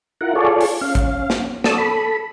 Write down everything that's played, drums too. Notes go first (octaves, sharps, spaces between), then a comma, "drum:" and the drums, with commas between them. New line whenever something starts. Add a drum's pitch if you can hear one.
E4 F4 A#4 F#5
F4 G#4 A4 C#5 D5
drum: open hi-hat
C#4 F5
drum: kick, hi-hat
drum: snare
A4 C#5 D5 A5 D#6 E6, drum: snare
A4 B5